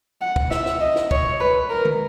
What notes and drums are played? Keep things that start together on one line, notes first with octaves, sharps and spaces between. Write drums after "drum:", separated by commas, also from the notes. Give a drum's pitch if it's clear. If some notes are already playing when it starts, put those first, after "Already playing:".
F#5
drum: kick
E5, drum: snare
drum: snare
D#5
drum: snare
C#5, drum: kick
B4
A#4
drum: tom D3